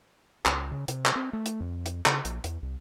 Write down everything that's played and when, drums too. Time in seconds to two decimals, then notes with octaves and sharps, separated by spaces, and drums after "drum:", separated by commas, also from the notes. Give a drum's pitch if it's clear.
0.46 C#2, drum: clap
0.71 C#3
0.88 C3, drum: hi-hat
1.06 drum: clap
1.16 C4
1.33 A3
1.46 drum: hi-hat
1.60 F2
1.86 drum: hi-hat
2.06 C#3, drum: clap
2.25 A#1, drum: hi-hat
2.44 E2, drum: hi-hat
2.62 C2